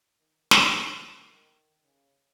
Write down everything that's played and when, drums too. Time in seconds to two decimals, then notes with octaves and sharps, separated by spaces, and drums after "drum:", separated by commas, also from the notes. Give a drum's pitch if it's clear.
0.18 D#3
0.51 F#3, drum: snare
0.85 F3
1.18 D#3
1.84 C#3